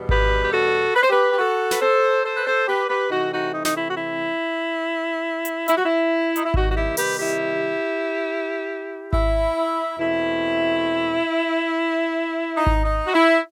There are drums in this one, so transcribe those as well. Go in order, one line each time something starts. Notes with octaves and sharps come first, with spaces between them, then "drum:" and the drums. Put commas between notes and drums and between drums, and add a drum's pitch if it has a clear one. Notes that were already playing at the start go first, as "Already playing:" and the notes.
Already playing: E2 B2 G3
G4 B4, drum: kick G#1
G4
F#4 A4
B4
C5
G4 B4
G4
F#4 A4
B4, drum: snare
A4 C5
A4 C5
B4
A4 C5
G4 B4
G4 B4
C3 E3 A3 C4 D#4 F#4
D#4 F#4
D#4
D#4, drum: snare
E4
F#4
E4
drum: hi-hat
E4, drum: hi-hat
F#4
E4
D#4, drum: hi-hat
E4
C3 D#3 G3 D#4 F#4, drum: kick G#1
F#4
E4 G4
G4 B4, drum: open hi-hat
E4 G4
E4, drum: kick G#1
E2 B2 A3 C4 E4
D#4
drum: kick G#1
D#4
F#4
E4